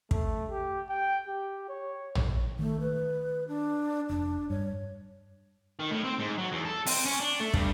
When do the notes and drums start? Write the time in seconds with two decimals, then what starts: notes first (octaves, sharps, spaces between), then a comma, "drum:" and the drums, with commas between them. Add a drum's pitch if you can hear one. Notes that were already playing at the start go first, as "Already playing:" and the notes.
0.11 A3, drum: kick
0.50 G4
0.89 G5
1.28 G4
1.69 C#5
2.15 drum: tom
2.59 D#3 A3
2.81 B4
3.48 D4
4.09 F1 D4
4.50 G2 C#5
5.79 D#3
5.91 A2
6.04 C4
6.20 G#2
6.38 F#3
6.52 E2
6.65 A4
6.86 C4, drum: open hi-hat
7.06 C#4
7.21 D4
7.40 A3
7.54 G2, drum: kick